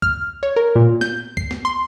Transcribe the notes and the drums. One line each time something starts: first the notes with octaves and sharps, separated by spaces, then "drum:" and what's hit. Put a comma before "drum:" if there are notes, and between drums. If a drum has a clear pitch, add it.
F6, drum: kick C2
C#5
A#4
A#2
G6, drum: snare
C7, drum: kick C2
drum: snare
C6